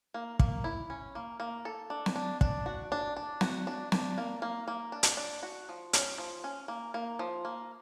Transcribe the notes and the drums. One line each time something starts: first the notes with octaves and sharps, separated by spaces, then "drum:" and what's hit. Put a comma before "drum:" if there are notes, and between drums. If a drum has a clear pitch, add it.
A#3
A#3, drum: kick
E4
C#4
A#3
A#3
A4
D4
drum: snare
D4
D4, drum: kick
F#4
D4
D4
F#4, drum: snare
D4
D4, drum: snare
A#3
A#3
A#3
D4
drum: hi-hat
D4
F#4
F3
C#4, drum: hi-hat
F3
C#4
A#3
A#3
F3
A#3